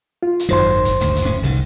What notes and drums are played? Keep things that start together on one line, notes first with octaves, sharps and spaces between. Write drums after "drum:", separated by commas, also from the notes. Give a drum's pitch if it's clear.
F4
drum: hi-hat
G#1 F#2 D#3 C5 C6
drum: kick, hi-hat
G#1 D2, drum: hi-hat
drum: hi-hat
D1 A2 C#4
F1 C2 D#3